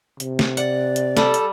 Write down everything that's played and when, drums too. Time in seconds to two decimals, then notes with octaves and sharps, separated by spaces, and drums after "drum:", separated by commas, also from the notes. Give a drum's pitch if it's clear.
0.20 C3, drum: hi-hat
0.39 drum: snare
0.57 D5 F#5, drum: hi-hat
0.96 drum: hi-hat
1.17 G3 A4, drum: snare
1.34 drum: hi-hat